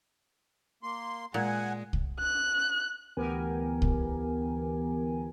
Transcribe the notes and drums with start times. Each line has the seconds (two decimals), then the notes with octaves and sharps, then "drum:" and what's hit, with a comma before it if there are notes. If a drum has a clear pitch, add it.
0.83 A#3 C6
1.34 A#2 G#3 F#5 G#5
1.93 drum: kick C2
2.20 F#6
3.17 D2 E3 B3 G4 A#4 G#5
3.82 drum: kick C2